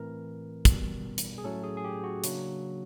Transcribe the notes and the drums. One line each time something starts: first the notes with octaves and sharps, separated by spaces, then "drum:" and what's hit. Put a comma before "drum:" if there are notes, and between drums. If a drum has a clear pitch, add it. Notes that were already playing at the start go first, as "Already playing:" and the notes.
Already playing: A2 E3 A3 C4 A#4
B2 G3 B3, drum: kick, hi-hat
drum: hi-hat
G#4
A2 F#3 A3 C#4 A4
G#4
G#4
G4
F#4
C#3 F#3 A#3 D4, drum: hi-hat